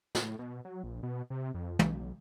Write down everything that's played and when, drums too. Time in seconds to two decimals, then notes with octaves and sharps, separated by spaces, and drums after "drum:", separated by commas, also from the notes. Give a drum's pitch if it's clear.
0.15 A2, drum: snare
0.39 B2
0.65 F#3
0.84 A#1
1.03 B2
1.30 C3
1.54 F2
1.79 B1, drum: tom